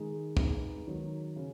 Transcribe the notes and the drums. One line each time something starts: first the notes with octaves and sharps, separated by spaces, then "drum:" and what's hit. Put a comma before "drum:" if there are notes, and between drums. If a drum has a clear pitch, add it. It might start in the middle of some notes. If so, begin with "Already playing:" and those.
Already playing: D#3 G#3 D#4 G#4
G#3 B3 D#4, drum: kick
D#3 F#3 C#4
C#3